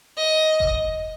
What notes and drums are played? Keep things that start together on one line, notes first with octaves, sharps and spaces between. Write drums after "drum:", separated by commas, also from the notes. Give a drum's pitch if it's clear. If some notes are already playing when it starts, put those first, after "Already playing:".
D#5
drum: kick F1